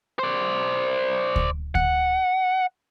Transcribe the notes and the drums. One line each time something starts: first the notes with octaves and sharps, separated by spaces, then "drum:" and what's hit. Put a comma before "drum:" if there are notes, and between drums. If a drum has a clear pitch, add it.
C5 D5
drum: kick D2
F#5, drum: kick D2